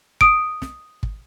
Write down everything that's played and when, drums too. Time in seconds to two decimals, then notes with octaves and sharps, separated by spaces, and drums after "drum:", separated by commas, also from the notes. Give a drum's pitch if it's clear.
0.21 D#6 D7, drum: kick
0.62 drum: snare
1.03 drum: kick